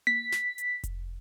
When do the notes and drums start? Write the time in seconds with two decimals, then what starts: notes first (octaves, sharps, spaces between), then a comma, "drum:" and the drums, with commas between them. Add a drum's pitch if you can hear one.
0.07 B6, drum: tom A#3
0.32 drum: snare
0.58 drum: hi-hat
0.84 drum: kick F1, hi-hat